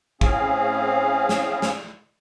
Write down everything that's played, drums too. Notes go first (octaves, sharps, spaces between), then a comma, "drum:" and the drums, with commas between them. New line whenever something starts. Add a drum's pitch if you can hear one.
A2 C4 C#4 G#4 F5, drum: kick
drum: snare
drum: snare